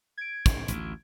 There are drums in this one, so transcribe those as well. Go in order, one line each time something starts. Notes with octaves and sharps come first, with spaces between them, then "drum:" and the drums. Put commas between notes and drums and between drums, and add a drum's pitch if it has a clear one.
G#6 D7
drum: kick, hi-hat
A1 D2, drum: hi-hat